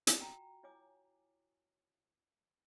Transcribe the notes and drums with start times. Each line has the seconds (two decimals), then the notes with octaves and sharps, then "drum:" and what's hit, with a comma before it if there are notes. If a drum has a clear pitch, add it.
0.07 drum: hi-hat
0.19 F4 F#4 G5 G#5 A#5
0.63 E4 C#5 G#5 D6